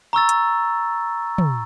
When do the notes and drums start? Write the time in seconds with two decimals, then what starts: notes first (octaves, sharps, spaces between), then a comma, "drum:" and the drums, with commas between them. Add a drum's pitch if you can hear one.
0.13 A#5 C#6 E6 A6
0.29 drum: hi-hat
1.38 drum: tom